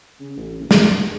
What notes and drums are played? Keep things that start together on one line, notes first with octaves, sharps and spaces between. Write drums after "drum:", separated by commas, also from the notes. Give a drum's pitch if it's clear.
C#3
A1
F#1
drum: snare
G2